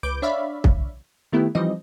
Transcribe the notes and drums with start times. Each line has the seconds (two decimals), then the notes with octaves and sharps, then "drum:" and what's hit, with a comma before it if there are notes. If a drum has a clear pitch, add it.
0.03 C#2 B4 D6 G6 D7
0.22 D4 C#5 D5 E5 F5 B5
0.64 drum: kick
1.32 D#3 A3 B3 E4 G4
1.55 E3 F3 G3 C4 D#4 D#5